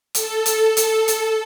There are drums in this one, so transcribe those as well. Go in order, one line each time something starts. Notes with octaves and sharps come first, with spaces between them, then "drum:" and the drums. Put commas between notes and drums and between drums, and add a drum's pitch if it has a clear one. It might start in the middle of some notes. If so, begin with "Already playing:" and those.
A4, drum: hi-hat
drum: hi-hat
drum: hi-hat
drum: hi-hat